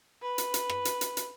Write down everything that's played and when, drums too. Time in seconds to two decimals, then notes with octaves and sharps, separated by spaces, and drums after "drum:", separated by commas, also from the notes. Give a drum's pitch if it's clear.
0.22 B4
0.38 drum: hi-hat
0.54 drum: hi-hat
0.70 drum: rim click
0.85 drum: hi-hat
1.01 drum: hi-hat
1.17 drum: hi-hat